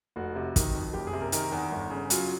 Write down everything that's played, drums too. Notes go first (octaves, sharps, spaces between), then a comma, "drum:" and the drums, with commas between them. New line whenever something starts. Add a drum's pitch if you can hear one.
F1 F#4
C3
D#3, drum: kick, hi-hat
F2
F#1 G4
G#4
C3
A#4
D#3 A#4, drum: hi-hat
E2
G1
C#3
F#3 F4, drum: hi-hat